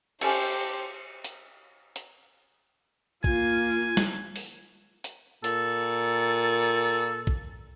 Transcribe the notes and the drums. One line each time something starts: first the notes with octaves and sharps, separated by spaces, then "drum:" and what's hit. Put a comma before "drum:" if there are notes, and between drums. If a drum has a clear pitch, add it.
C#4 E4 G4 A4 C5, drum: cymbal
drum: hi-hat
drum: hi-hat
A#3 F4 G#5, drum: kick
drum: snare
drum: open hi-hat
drum: hi-hat
A#2 A4, drum: hi-hat
drum: kick